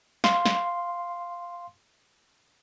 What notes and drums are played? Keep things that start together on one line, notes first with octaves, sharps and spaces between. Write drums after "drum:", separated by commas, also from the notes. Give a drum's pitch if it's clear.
F5 C6, drum: snare
drum: snare